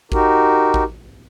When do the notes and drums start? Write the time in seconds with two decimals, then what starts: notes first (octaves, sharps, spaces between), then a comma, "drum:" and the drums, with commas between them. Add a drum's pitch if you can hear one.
0.12 D#4 F#4 G4 A#4, drum: kick A1
0.74 drum: kick A1